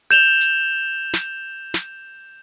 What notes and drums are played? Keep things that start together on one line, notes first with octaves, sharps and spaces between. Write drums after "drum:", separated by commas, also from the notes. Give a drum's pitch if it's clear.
G6 E7 F7 G7
drum: hi-hat
drum: snare
drum: snare